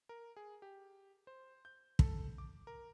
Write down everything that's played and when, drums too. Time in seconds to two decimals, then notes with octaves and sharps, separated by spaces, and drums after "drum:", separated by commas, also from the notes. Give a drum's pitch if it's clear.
0.09 A#4
0.37 G#4
0.62 G4
1.27 C5
1.65 G6
1.99 A4, drum: kick
2.38 D6
2.67 A#4